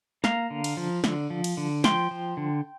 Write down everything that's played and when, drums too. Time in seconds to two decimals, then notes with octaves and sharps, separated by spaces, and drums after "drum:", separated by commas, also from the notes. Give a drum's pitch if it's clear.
0.24 A#3 F5 A#5, drum: snare
0.50 D3
0.64 drum: cymbal
0.77 F3
1.04 D3, drum: snare
1.30 F3
1.44 drum: cymbal
1.57 D3
1.84 F3 G5 C6, drum: snare
2.11 F3
2.37 D3